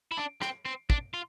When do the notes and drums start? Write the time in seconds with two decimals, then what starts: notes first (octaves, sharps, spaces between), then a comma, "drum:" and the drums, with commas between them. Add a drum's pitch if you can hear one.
0.12 E4
0.18 D4
0.42 C4, drum: rim click
0.65 C4
0.90 D4, drum: kick
1.14 F4